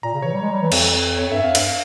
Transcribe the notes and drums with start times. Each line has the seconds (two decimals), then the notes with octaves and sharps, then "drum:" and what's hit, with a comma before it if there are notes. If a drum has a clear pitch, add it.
0.03 A#2 A#5
0.14 C#3
0.22 E3 C#5
0.33 G3
0.42 G#3
0.52 G3
0.62 E3
0.72 F2, drum: cymbal
1.18 F2 C#5
1.31 G2 E5
1.42 F2 F5
1.55 G2 F5, drum: cymbal